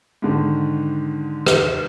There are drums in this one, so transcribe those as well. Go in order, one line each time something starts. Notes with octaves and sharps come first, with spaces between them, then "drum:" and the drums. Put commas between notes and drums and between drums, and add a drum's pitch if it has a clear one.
G#2 D3 D#3
drum: rim click